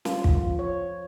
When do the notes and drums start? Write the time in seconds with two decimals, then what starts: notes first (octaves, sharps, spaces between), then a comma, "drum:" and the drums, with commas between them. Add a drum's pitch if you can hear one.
0.05 F4, drum: snare
0.24 drum: kick
0.34 F3
0.59 C#5